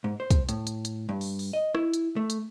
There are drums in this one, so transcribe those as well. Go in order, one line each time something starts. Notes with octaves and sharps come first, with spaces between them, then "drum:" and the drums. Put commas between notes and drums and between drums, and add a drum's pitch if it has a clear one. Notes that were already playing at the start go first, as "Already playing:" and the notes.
G#2
C5
drum: kick, hi-hat
A2, drum: hi-hat
drum: hi-hat
drum: hi-hat
G2
drum: open hi-hat
drum: open hi-hat
D#5
E4, drum: rim click
drum: hi-hat
A3
drum: hi-hat